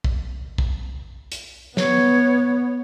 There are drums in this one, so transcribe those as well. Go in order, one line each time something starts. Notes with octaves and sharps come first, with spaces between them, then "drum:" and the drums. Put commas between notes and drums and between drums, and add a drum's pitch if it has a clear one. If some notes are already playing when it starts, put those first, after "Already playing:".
drum: kick
drum: kick
drum: hi-hat
B3 C#5, drum: snare